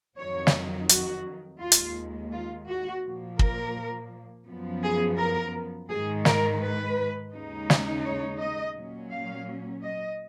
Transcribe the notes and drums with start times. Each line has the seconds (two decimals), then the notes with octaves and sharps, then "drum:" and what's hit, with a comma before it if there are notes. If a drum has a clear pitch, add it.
0.18 F2 D#3 F#3 C#5
0.47 drum: snare
0.89 F#4, drum: hi-hat
1.61 D#2 D#3 G#3 F4
1.72 drum: hi-hat
2.32 F4
2.68 F#4
3.04 A#2 F3 A#3
3.39 A#4, drum: kick
4.47 F#2 F3 B3
4.83 G#4
5.18 A#4
5.89 G#2 D#3 G#3 G#4
6.25 A#4, drum: snare
6.61 B4
7.33 D#2 C#3 G#3 D#4
7.70 drum: snare
8.04 C#5
8.40 D#5
8.75 A#2 F#3 C#4
9.11 F5
9.83 D#5